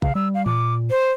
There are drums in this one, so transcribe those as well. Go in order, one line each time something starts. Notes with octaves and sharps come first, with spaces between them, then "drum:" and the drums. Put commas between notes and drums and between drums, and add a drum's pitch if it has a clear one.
C#3 F5, drum: kick
G3 E6
F5
A#2 D6, drum: tom
C5